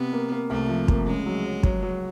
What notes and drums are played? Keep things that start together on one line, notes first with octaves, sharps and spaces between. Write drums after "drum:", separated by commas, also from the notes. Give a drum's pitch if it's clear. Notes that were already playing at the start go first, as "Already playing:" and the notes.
Already playing: C3 B3
A#3
A#3
C2 A3
F3
A#3, drum: kick
C#3 G#3
F#3
F#3
F#3, drum: kick
F#3